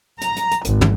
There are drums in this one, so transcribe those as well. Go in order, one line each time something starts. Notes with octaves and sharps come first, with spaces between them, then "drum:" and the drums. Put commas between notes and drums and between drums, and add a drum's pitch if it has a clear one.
A#5, drum: hi-hat
drum: hi-hat
drum: hi-hat
G#1, drum: hi-hat
drum: tom